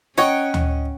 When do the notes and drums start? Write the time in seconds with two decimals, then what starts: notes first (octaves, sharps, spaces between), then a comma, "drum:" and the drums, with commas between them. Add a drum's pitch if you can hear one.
0.18 C#4 C#5 D#5 F#5 G5 A#5
0.54 drum: tom D2